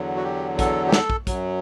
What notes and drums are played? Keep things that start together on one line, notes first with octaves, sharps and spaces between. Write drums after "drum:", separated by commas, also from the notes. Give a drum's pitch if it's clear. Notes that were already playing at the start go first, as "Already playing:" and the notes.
Already playing: E2 D3 F#3
F#4
G4
A4, drum: kick, hi-hat
G4
A4, drum: snare
drum: kick
F#2 F#3, drum: kick, hi-hat